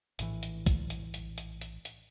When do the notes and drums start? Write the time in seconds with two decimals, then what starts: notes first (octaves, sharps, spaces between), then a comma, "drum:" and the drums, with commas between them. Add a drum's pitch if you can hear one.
0.19 A#1 A2 E3, drum: hi-hat
0.43 drum: hi-hat
0.66 drum: kick, hi-hat
0.90 drum: hi-hat
1.14 drum: hi-hat
1.38 drum: hi-hat
1.61 drum: hi-hat
1.85 drum: hi-hat